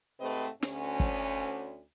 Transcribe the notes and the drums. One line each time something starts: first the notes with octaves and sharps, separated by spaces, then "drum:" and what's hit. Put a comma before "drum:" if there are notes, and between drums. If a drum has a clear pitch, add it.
G#2 C3 A3 C4 B4 D#5
D2 C#4, drum: snare
drum: kick